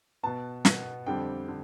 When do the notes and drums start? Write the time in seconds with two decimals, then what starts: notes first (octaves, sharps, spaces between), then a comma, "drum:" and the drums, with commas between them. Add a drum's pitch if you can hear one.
0.23 B2 B3 A5
0.65 B2 B3, drum: snare
1.06 F2 D3 G3 C4 G5
1.48 D3